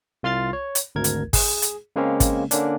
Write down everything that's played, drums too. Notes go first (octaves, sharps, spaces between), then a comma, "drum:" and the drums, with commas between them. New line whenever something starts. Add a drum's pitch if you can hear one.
C2 F4 C6 F6 A6 C7
C#5
drum: hi-hat
G#1 D2 A#4 G#6
drum: hi-hat
G#4, drum: kick G#1, open hi-hat
drum: hi-hat
C#3 G#3 A#3 C4 C#4
drum: kick G#1, hi-hat
D3 A#3 C#4 D4, drum: hi-hat